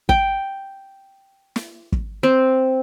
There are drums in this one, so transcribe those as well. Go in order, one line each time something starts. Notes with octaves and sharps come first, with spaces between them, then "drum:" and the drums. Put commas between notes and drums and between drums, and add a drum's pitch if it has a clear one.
G5, drum: kick
drum: snare
drum: kick
C4